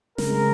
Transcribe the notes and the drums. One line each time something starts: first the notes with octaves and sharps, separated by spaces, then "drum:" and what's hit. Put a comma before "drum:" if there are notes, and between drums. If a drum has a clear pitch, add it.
C#3 G#3 C4 A#4, drum: snare